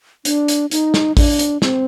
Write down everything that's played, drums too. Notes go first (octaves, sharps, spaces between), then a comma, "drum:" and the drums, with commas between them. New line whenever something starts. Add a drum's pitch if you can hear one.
D4, drum: hi-hat
drum: hi-hat
D#4, drum: hi-hat
drum: snare
D4, drum: kick A1, open hi-hat
drum: hi-hat
C4, drum: snare